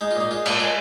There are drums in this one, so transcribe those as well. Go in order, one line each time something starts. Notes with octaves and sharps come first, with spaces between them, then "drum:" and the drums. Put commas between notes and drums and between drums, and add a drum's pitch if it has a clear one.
G#3 D#4
F4
A#2 D#4
G#3 F4
A#2 F4, drum: cymbal
G#3 G#4